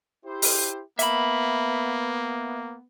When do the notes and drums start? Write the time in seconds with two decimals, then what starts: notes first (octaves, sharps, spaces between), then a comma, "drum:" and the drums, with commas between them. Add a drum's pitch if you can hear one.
0.25 E4 G4 C5
0.42 drum: open hi-hat
0.99 A#3 B3 E5 B5, drum: hi-hat